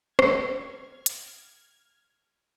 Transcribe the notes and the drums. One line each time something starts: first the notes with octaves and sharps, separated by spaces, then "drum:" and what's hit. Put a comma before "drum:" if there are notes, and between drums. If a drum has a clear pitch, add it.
F6 G#6, drum: rim click
drum: hi-hat